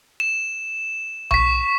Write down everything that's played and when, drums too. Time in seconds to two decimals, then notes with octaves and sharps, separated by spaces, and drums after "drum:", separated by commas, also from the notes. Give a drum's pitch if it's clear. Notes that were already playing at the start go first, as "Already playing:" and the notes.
0.20 E7
1.31 C#6 B6, drum: tom B1